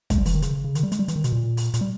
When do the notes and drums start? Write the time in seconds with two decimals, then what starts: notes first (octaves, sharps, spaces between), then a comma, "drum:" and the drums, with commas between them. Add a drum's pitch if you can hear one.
0.10 G#3, drum: kick, hi-hat
0.18 G3
0.26 E3, drum: open hi-hat
0.35 D#3
0.42 C#3, drum: hi-hat
0.64 C#3
0.75 D#3, drum: hi-hat
0.83 G3
0.92 G#3, drum: hi-hat
0.99 G3
1.08 E3, drum: hi-hat
1.16 D#3
1.24 B2, drum: hi-hat
1.32 A#2
1.57 drum: open hi-hat
1.74 A#2, drum: hi-hat
1.81 G3